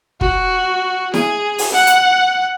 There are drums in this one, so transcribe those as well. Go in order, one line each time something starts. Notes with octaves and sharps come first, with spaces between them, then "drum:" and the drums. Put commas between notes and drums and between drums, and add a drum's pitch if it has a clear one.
F#4, drum: kick
G#4, drum: snare E4
drum: open hi-hat
F#5
drum: hi-hat